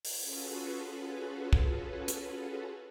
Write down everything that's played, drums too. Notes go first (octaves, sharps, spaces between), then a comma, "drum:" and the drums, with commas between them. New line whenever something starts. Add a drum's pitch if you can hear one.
drum: open hi-hat
C#4 F4 F#4 G#4 A4 B4
drum: kick
drum: hi-hat